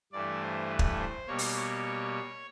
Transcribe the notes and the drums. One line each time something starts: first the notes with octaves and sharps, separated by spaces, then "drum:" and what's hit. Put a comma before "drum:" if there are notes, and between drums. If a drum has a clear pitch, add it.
G2 E3 A3 D5
C5
B4
drum: kick
C5
B2 G3 A#3 C#5
drum: open hi-hat
C#5